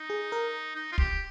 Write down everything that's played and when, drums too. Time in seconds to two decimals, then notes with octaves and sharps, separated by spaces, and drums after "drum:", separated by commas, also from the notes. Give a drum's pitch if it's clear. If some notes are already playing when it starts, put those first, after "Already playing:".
Already playing: D#4
0.10 G#4
0.32 A#4
0.76 D#4
0.92 F4
0.98 G4, drum: kick